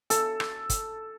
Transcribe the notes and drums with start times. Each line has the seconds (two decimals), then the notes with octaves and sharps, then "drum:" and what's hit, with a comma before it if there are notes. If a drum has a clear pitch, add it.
0.10 A4, drum: hi-hat
0.40 drum: rim click
0.70 drum: kick, hi-hat